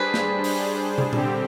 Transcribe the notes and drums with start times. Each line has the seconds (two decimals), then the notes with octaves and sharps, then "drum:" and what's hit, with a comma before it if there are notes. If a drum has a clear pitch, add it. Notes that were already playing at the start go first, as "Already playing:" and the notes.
Already playing: G3 D4 G#4 B4 C5
0.14 drum: snare
0.44 drum: open hi-hat
0.98 drum: tom
1.13 D3 G3 C4 G4, drum: tom A#2